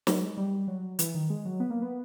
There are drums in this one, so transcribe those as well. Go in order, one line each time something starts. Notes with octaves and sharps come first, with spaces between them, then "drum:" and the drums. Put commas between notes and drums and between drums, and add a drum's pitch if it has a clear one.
F#3, drum: snare
G#3
G3
F#3
E3, drum: hi-hat
D#3
G#3
F#3
B3
A#3
B3